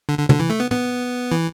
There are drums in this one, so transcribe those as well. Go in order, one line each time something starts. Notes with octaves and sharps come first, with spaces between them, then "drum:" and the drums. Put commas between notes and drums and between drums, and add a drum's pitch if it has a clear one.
D3
D3
D3, drum: tom
E3
A3
B3
B3, drum: tom
E3